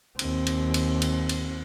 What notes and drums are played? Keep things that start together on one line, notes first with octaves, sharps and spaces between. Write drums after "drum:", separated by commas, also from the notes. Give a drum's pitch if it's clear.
D#2 C4, drum: cymbal
drum: cymbal
drum: cymbal
drum: cymbal
drum: cymbal